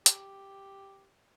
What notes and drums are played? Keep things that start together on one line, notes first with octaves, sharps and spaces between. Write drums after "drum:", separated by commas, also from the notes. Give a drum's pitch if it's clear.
G4, drum: hi-hat